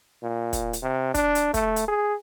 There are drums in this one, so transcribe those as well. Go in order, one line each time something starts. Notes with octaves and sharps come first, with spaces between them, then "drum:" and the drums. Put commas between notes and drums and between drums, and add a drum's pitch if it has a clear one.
A#2
drum: kick, hi-hat
drum: hi-hat
C3
D4, drum: kick, hi-hat
drum: hi-hat
A3, drum: kick, hi-hat
drum: hi-hat
G#4